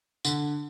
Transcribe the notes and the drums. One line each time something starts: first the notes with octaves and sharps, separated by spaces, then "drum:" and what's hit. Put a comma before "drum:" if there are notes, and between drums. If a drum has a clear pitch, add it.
D3, drum: tambourine